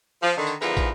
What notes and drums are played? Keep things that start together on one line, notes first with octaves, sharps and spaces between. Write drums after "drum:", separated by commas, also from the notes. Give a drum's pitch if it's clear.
F3
D3 D#3
drum: tambourine
E2 G#2 D3 F3 A#4 B4, drum: tambourine
drum: kick, tambourine